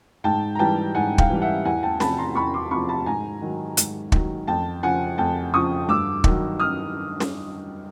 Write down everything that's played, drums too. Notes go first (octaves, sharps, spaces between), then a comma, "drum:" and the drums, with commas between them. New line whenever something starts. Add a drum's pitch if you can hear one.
G#2 G5 A5
A#5
E3 G3 G5 A5
G#2 F#5 G#5
F5 G5, drum: kick
E3 G3
E5 F#5
E2 F#5 G#5
G5 A5
C3 F3 A5 B5, drum: snare
A#5 C6
E2 B5 C#6
C6 D6
C3 F3 B5 C#6
A5 B5
G#2 G#5 A#5
D#3 F#3
G#2, drum: hi-hat
D#3 F#3, drum: kick
F2 G5 A5
C#3 F3 F#5 G#5
F2 G5 A5
C#3 F3 C#6 D#6
G2 D6 E6
D#3 F#3, drum: kick
D#6 F6
drum: snare